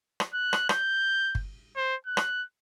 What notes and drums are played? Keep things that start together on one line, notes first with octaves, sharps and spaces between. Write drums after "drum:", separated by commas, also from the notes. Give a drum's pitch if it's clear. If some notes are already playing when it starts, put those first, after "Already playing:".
drum: rim click
F#6
drum: rim click
G6, drum: rim click
drum: kick
C5
F#6
drum: rim click